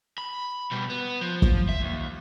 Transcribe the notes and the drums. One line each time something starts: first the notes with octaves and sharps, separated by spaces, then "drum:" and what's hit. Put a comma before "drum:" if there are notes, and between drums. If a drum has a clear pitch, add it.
B5
B2 G3
B3
F3
drum: kick
E5
D#2